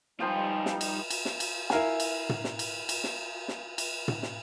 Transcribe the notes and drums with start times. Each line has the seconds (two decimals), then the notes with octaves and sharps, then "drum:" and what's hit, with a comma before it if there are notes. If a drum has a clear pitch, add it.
0.20 F3 G3 D#4 F4 B4 G5 C6
0.66 drum: snare
0.81 drum: cymbal
1.10 drum: cymbal
1.25 drum: snare
1.40 drum: cymbal
1.70 E4 A#4 F5 G#5, drum: snare
2.00 drum: cymbal
2.29 drum: tom
2.44 drum: snare
2.59 drum: cymbal
2.89 drum: cymbal
3.04 drum: snare
3.48 drum: snare
3.78 drum: cymbal
4.08 drum: tom
4.23 drum: snare